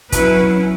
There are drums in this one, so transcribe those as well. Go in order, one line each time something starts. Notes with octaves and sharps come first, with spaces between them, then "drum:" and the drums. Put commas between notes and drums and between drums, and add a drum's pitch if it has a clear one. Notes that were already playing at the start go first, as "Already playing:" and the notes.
B2 F#3 C#4 E4 B4, drum: kick, hi-hat